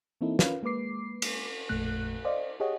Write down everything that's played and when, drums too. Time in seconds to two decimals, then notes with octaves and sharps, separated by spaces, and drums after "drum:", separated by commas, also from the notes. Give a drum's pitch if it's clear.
0.21 E3 A#3 C4 D#4 E4 A4
0.39 C#4 F4 A#4 B4 F5, drum: snare
0.63 G#3 A#3 B4 D6 C7
1.22 drum: cymbal
1.69 A1 F2 A#2 A3 F#6
2.25 C5 D5 D#5 F5
2.60 G4 G#4 C#5 D#5 F#5